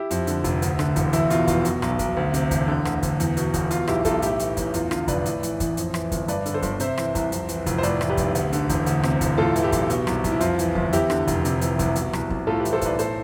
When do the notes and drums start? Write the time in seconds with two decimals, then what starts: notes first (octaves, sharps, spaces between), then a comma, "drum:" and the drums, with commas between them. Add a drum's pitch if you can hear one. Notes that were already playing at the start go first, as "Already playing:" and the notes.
Already playing: E4 G4
0.11 F2, drum: hi-hat
0.27 D3, drum: hi-hat
0.44 F1, drum: kick, hi-hat
0.62 D2, drum: hi-hat
0.79 D3, drum: rim click
0.96 E1, drum: kick, hi-hat
1.13 E2 E4, drum: hi-hat
1.30 B2 F4, drum: hi-hat
1.47 F1 F4, drum: kick, hi-hat
1.65 B2, drum: hi-hat
1.82 B1, drum: rim click
1.99 B1, drum: kick, hi-hat
2.17 D2
2.34 C3, drum: hi-hat
2.51 E1, drum: kick, hi-hat
2.68 D3
2.85 D2, drum: rim click
3.03 D2, drum: kick, hi-hat
3.20 E2, drum: hi-hat
3.37 B2, drum: hi-hat
3.54 E1, drum: kick, hi-hat
3.71 B2 F4, drum: hi-hat
3.88 B1 E4 G4, drum: rim click
4.05 B1 F4 A4, drum: kick, hi-hat
4.22 A2 E4 G4, drum: hi-hat
4.39 E3, drum: hi-hat
4.57 A1, drum: kick, hi-hat
4.74 E2 F4, drum: hi-hat
4.91 D3 F4, drum: rim click
5.08 F1 B4 D5, drum: kick, hi-hat
5.26 A2, drum: hi-hat
5.43 E3, drum: hi-hat
5.60 A1, drum: kick, hi-hat
5.77 F2, drum: hi-hat
5.94 E3, drum: rim click
6.12 G1, drum: kick, hi-hat
6.28 G2 B4 D5, drum: hi-hat
6.46 D3, drum: hi-hat
6.54 A4 C5
6.62 G1, drum: kick, hi-hat
6.80 C3 C5 E5, drum: hi-hat
6.98 E3, drum: rim click
7.15 C2, drum: kick, hi-hat
7.32 F2, drum: hi-hat
7.49 E3, drum: hi-hat
7.66 F1, drum: kick, hi-hat
7.78 C5
7.83 A2 B4 D5, drum: hi-hat
8.01 E3, drum: rim click
8.09 G4 B4
8.17 B1, drum: kick, hi-hat
8.35 D2, drum: hi-hat
8.53 D3, drum: hi-hat
8.69 E1, drum: kick, hi-hat
8.86 D2, drum: hi-hat
9.03 C3, drum: rim click
9.21 E1, drum: kick, hi-hat
9.38 A2 F4 A4
9.56 E3, drum: hi-hat
9.63 E4 G4
9.72 B1, drum: kick, hi-hat
9.90 B2, drum: hi-hat
10.07 C2, drum: rim click
10.24 C2, drum: kick, hi-hat
10.32 E4
10.41 F2 F4, drum: hi-hat
10.59 E3, drum: hi-hat
10.75 G1, drum: kick
10.93 E2 E4 G4, drum: hi-hat
11.10 D3, drum: rim click
11.27 F1, drum: kick, hi-hat
11.45 C3, drum: hi-hat
11.61 E3, drum: hi-hat
11.79 C2, drum: kick, hi-hat
11.96 B2, drum: hi-hat
12.13 C2, drum: rim click
12.30 C2, drum: kick
12.47 A2 F4 A4
12.60 G4 B4
12.65 E3, drum: hi-hat
12.73 A4 C5
12.81 B1 B4 D5, drum: kick, hi-hat
12.99 A2 A4 C5, drum: hi-hat